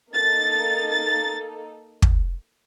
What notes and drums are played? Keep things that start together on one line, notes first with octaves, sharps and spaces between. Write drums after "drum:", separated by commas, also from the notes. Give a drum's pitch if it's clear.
A#3 D#4 A4 A6
A6
drum: kick